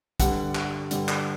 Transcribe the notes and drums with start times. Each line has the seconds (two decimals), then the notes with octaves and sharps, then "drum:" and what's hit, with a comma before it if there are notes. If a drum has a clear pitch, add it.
0.20 G2 D3 G3 F#5, drum: kick, hi-hat
0.55 drum: clap
0.91 G2 D3 G3, drum: hi-hat
1.08 drum: clap